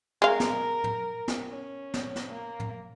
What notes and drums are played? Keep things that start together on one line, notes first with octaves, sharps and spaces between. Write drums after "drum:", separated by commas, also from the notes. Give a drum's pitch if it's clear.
G#3 A#4 F5
drum: snare
drum: tom
drum: snare
C#4
drum: snare
drum: snare
A#3
drum: tom